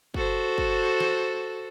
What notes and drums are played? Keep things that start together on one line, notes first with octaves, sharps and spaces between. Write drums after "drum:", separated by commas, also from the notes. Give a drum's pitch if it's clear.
F#4 A4 C5, drum: kick
drum: kick
drum: snare